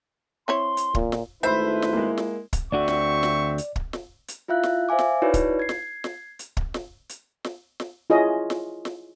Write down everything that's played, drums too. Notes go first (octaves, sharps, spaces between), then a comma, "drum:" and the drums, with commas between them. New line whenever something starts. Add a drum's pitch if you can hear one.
C4 E4 C#5 C6
drum: hi-hat
A#2, drum: kick
drum: snare
G#1 A3 E4 B4 C5 E5 B5 C6
drum: snare
G#3 A#3
drum: snare
drum: kick, hi-hat
D2 D3 C4 F#4 D5 E5 C#6
drum: snare
drum: snare
drum: hi-hat
drum: kick
drum: snare
drum: hi-hat
E4 F4 E5 F5 F#6
drum: snare
C5 E5 F5 G#5 D6
drum: snare
D#4 E4 F#4 B4 C#5 D5
drum: kick, hi-hat
G#6 C7
drum: snare
drum: snare
drum: hi-hat
drum: kick
drum: snare
drum: hi-hat
drum: snare
drum: snare
E4 F4 G#4 C#5 D#5
drum: snare
drum: snare